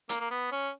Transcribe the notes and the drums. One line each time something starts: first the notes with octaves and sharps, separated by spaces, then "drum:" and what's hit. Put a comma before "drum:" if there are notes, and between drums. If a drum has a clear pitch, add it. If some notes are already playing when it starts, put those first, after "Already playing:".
A#3, drum: hi-hat
A#3
B3
C#4